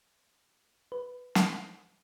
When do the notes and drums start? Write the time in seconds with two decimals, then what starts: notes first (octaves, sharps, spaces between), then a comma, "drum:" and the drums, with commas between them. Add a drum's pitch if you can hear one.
0.92 B4
1.35 drum: snare